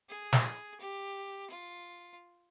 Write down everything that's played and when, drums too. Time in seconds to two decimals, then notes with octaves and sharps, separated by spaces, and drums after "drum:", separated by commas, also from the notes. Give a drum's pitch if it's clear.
0.09 G#4
0.33 drum: snare
0.80 G4
1.50 F4